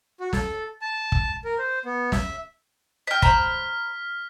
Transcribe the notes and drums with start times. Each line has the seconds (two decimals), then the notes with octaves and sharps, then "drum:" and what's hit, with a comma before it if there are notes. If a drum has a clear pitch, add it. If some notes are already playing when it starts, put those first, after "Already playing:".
0.20 F#4
0.33 A4, drum: snare
0.82 A5
1.12 drum: kick
1.45 A#4
1.59 C5
1.85 B3
2.12 E5, drum: snare
3.07 D#5 G5 F6 B6
3.22 C5 A#5 B5 B6, drum: kick